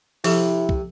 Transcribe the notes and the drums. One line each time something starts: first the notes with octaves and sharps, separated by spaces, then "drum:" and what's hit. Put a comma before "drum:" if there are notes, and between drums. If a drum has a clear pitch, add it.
C3 F3 E4 A4, drum: open hi-hat
drum: kick